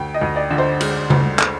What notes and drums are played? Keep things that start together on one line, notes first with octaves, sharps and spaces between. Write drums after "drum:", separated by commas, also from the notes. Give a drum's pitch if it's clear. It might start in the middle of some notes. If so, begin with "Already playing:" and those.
Already playing: D2 G5
D#5
D2
D5
D3
C5
G#3, drum: cymbal
D2, drum: tom C#3
drum: clap